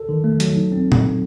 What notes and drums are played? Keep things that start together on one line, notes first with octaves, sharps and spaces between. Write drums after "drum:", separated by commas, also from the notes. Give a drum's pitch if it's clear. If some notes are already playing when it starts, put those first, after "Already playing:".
Already playing: A4
D#3
A3
F#3, drum: hi-hat
D#4
C4
drum: tom